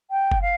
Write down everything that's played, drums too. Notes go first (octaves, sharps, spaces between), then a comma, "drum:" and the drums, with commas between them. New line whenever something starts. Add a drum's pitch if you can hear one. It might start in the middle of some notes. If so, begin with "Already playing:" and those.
G5
drum: kick
F5